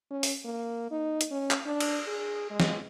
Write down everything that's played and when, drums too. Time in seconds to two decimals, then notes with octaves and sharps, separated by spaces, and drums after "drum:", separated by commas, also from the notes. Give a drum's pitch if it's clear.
0.11 C#4
0.23 drum: open hi-hat
0.45 A#3
0.91 D#4
1.21 drum: hi-hat
1.31 C#4
1.51 drum: clap
1.66 D4
1.80 drum: cymbal
2.08 G#4
2.50 G#3
2.60 drum: snare